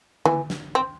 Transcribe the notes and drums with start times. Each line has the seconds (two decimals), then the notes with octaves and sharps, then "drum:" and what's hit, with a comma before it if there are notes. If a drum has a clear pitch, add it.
0.25 E3, drum: tom D3
0.50 drum: snare
0.75 C4